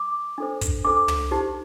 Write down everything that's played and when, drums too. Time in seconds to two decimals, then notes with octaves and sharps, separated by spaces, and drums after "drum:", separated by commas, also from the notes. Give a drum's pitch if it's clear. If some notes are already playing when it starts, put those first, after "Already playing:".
Already playing: D6
0.38 D4 A4 C5
0.61 drum: kick, hi-hat
0.85 D4 A4 C5 D6
1.08 drum: tom
1.31 D#4 G4 C5